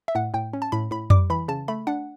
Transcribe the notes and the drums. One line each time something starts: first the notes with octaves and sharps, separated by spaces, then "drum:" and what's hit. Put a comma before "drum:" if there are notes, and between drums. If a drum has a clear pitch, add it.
E5
A2 F#5
A2 G5
C#4
A5
A2 B5
A2 B5
G3 D6, drum: tom F2
E3 B5
C#3 A5
A3 B5
D4 F#5